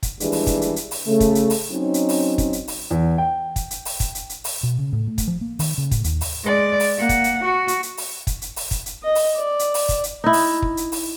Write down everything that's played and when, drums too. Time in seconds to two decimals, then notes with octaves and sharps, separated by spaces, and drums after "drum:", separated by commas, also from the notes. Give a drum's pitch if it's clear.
0.03 drum: kick, hi-hat
0.20 D#2 E3 G3 G#3 D4, drum: hi-hat
0.32 drum: open hi-hat
0.47 drum: kick, hi-hat
0.61 drum: hi-hat
0.76 drum: hi-hat
0.91 drum: open hi-hat
1.07 C#3 A3
1.20 drum: kick, hi-hat
1.35 drum: hi-hat
1.50 drum: open hi-hat
1.71 F#3 C4 C#4 D#4
1.94 drum: hi-hat
2.09 drum: open hi-hat
2.38 drum: kick, hi-hat
2.53 drum: hi-hat
2.68 drum: open hi-hat
2.91 E2
3.18 G5
3.56 drum: kick, hi-hat
3.71 drum: hi-hat
3.85 drum: open hi-hat
4.00 drum: kick, hi-hat
4.15 drum: hi-hat
4.29 drum: hi-hat
4.44 drum: open hi-hat
4.63 B2
4.79 C#3
4.93 A2
5.07 A3
5.18 drum: kick, hi-hat
5.28 F3
5.41 A#3
5.59 D#3, drum: open hi-hat
5.78 C#3
5.91 A2, drum: kick, hi-hat
6.04 D#2, drum: hi-hat
6.21 drum: open hi-hat
6.44 G#3 D5
6.80 drum: open hi-hat
6.97 A#3 F#5
7.09 drum: kick, hi-hat
7.24 drum: hi-hat
7.44 F#4
7.68 drum: hi-hat
7.83 drum: hi-hat
7.97 drum: open hi-hat
8.27 drum: kick, hi-hat
8.42 drum: hi-hat
8.56 drum: open hi-hat
8.71 drum: kick, hi-hat
8.86 drum: hi-hat
9.03 D#5
9.15 drum: open hi-hat
9.37 D5
9.59 drum: hi-hat
9.74 drum: open hi-hat
9.89 drum: kick, hi-hat
10.04 drum: hi-hat
10.24 D#4 E4
10.33 drum: open hi-hat
10.62 drum: kick
10.77 drum: hi-hat
10.92 drum: open hi-hat